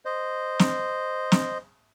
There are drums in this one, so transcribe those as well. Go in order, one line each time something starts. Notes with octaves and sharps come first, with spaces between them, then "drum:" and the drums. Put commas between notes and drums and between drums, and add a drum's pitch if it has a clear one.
C5 D#5
drum: snare
drum: snare